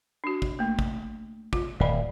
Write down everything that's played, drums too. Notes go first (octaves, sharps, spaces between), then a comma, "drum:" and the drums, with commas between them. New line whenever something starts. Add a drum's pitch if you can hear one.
D4 F#4
drum: kick
A3 A#3
drum: kick
F4, drum: kick
D1 D5 D#5 B5